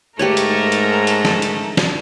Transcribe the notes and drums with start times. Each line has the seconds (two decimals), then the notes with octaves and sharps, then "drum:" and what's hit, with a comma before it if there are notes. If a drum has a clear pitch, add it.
0.19 G#2 A3 G4 A#4 B4 C#5 A#5
0.37 drum: hi-hat
0.72 drum: hi-hat
1.07 drum: hi-hat
1.25 drum: snare
1.42 drum: hi-hat
1.77 drum: snare